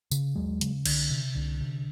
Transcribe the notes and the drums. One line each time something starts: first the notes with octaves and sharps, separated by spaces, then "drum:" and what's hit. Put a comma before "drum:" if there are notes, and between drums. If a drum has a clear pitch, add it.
C#3, drum: tambourine
D#2 F#3 G#3
C#3, drum: hi-hat
C2 D3, drum: cymbal
C3
C2 D3
C3